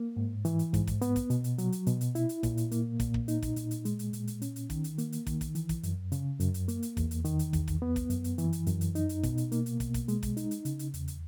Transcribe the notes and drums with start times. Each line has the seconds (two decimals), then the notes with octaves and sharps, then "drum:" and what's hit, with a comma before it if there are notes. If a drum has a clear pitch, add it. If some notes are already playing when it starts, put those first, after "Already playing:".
Already playing: A#3
0.17 G#2
0.45 E3, drum: hi-hat
0.59 drum: hi-hat
0.74 G#2, drum: kick, hi-hat
0.87 drum: kick, hi-hat
1.02 B3, drum: hi-hat
1.16 drum: kick, hi-hat
1.30 B2, drum: hi-hat
1.44 drum: hi-hat
1.58 F#3, drum: hi-hat
1.72 drum: hi-hat
1.87 B2, drum: hi-hat
2.01 drum: hi-hat
2.15 E4, drum: hi-hat
2.29 drum: hi-hat
2.43 A#2, drum: kick, hi-hat
2.57 drum: hi-hat
2.72 A#3, drum: hi-hat
3.00 A#2, drum: kick, hi-hat
3.14 drum: kick
3.28 D#4, drum: hi-hat
3.42 drum: kick, hi-hat
3.56 A#2, drum: hi-hat
3.71 drum: hi-hat
3.85 G#3, drum: hi-hat
3.99 drum: hi-hat
4.13 A#2, drum: hi-hat
4.27 drum: hi-hat
4.42 C#4, drum: hi-hat
4.56 drum: hi-hat
4.70 D#3, drum: kick, hi-hat
4.84 drum: hi-hat
4.98 A#3, drum: hi-hat
5.13 drum: hi-hat
5.27 D#3, drum: kick, hi-hat
5.41 drum: kick, hi-hat
5.55 E3, drum: hi-hat
5.69 drum: kick, hi-hat
5.83 F#2, drum: hi-hat
6.12 C#3, drum: hi-hat
6.40 F#2, drum: hi-hat
6.54 drum: hi-hat
6.68 A#3, drum: hi-hat
6.83 drum: hi-hat
6.97 E2, drum: kick, hi-hat
7.11 drum: hi-hat
7.25 D#3, drum: hi-hat
7.39 drum: hi-hat
7.53 E2, drum: kick, hi-hat
7.68 drum: kick, hi-hat
7.82 B3
7.96 drum: kick, hi-hat
8.10 F#2, drum: hi-hat
8.24 drum: hi-hat
8.38 E3, drum: hi-hat
8.53 drum: hi-hat
8.67 F#2, drum: hi-hat
8.81 drum: hi-hat
8.95 D#4, drum: hi-hat
9.09 drum: hi-hat
9.23 B2, drum: kick, hi-hat
9.38 drum: hi-hat
9.52 A#3, drum: hi-hat
9.66 drum: hi-hat
9.80 B2, drum: kick, hi-hat
9.94 drum: kick, hi-hat
10.08 G#3, drum: hi-hat
10.23 drum: kick, hi-hat
10.37 D#4, drum: hi-hat
10.51 drum: hi-hat
10.65 C#3, drum: hi-hat
10.79 drum: hi-hat
10.94 E2, drum: hi-hat
11.08 drum: hi-hat